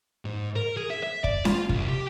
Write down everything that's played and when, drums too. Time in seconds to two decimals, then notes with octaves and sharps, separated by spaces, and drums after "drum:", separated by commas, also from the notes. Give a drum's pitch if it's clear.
0.25 G#2
0.56 A#4
0.77 G#4
0.90 E5
1.03 E5
1.24 D5, drum: kick
1.45 F4, drum: snare C#4
1.69 C2, drum: kick
1.88 G4